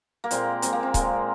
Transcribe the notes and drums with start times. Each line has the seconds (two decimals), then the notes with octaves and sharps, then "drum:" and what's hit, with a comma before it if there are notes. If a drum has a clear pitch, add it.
0.24 A#3
0.31 A#2 G#3 C4, drum: hi-hat
0.62 A#2 G#3 C4, drum: hi-hat
0.73 A#3
0.83 C4
0.94 A#2 G#3, drum: kick C#1, hi-hat